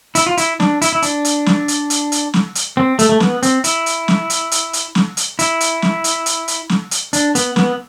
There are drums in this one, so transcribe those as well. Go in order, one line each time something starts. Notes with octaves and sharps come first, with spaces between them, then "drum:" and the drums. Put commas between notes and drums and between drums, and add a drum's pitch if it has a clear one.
E4, drum: hi-hat
F4
E4, drum: hi-hat
D4, drum: snare
E4, drum: hi-hat
E4
D4, drum: hi-hat
drum: hi-hat
drum: snare
drum: hi-hat
drum: hi-hat
drum: hi-hat
drum: snare
drum: hi-hat
C4
A3, drum: hi-hat
A3
B3, drum: snare
C4, drum: hi-hat
E4, drum: hi-hat
drum: hi-hat
drum: snare
drum: hi-hat
drum: hi-hat
drum: hi-hat
drum: snare
drum: hi-hat
E4, drum: hi-hat
drum: hi-hat
drum: snare
drum: hi-hat
drum: hi-hat
drum: hi-hat
drum: snare
drum: hi-hat
D4, drum: hi-hat
B3, drum: hi-hat
B3, drum: snare